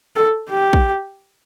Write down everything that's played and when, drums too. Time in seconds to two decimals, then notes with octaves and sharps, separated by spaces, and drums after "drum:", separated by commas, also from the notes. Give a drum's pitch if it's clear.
0.16 A4
0.50 G4
0.73 drum: kick